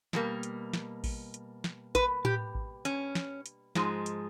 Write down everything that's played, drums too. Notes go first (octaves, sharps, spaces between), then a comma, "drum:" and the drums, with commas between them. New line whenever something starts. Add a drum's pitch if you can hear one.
B2 G3 A#3, drum: snare
drum: hi-hat
drum: snare
drum: kick A1, open hi-hat
drum: hi-hat
drum: snare
B4, drum: kick A1, hi-hat
G4, drum: tom A2
drum: kick A1
C#4, drum: hi-hat
drum: snare
drum: hi-hat
G#2 F3 G#3, drum: snare
drum: hi-hat